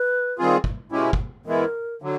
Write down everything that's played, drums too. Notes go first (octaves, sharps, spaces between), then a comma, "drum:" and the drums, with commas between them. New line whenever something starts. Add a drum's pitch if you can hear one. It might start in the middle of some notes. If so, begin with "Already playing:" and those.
Already playing: B4
D#3 G3 C4 F4 G#4
drum: kick
B2 G#3 C#4 E4 G4
drum: kick
E3 G#3 B3 E4 A#4
D3 F#3